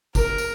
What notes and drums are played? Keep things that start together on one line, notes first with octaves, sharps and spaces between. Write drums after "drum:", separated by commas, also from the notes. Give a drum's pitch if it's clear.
A#4, drum: kick, tambourine
drum: tambourine